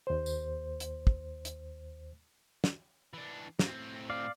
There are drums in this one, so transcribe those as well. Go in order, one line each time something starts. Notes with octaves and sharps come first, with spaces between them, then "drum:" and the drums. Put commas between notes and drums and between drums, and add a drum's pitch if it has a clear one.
D#2 C5
drum: tambourine
drum: hi-hat
drum: kick
drum: hi-hat
drum: snare
E3 D4
A2 C4, drum: snare
D5 F5